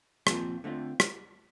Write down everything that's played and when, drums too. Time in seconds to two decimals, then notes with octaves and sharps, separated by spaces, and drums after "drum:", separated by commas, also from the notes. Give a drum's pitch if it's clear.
0.27 A#2 F3 C4 F4, drum: rim click
0.64 D3 A3 C4 F4
1.00 drum: rim click